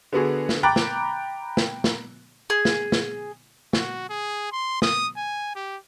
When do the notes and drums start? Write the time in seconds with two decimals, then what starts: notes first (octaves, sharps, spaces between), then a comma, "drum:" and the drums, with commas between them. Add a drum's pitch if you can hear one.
0.12 D3 B3 F#4 G#4
0.49 drum: snare
0.63 G5 A#5 B5 D6 F#6 A6
0.76 drum: snare
1.57 drum: snare
1.84 drum: snare
2.50 G#4
2.65 drum: snare
2.92 drum: snare
3.73 F#4, drum: snare
4.09 G#4
4.52 C6
4.82 D#6, drum: snare
5.16 G#5
5.55 G4